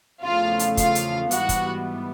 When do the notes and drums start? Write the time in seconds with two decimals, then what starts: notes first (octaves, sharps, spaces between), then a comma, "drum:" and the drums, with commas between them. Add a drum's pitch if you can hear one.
0.23 E2 C#3 F3 A3 F4 F5
0.59 drum: hi-hat
0.77 F4 F5, drum: kick, hi-hat
0.95 drum: hi-hat
1.31 G#2 E3 G3 B3 F#4 F#5, drum: hi-hat
1.49 drum: kick, hi-hat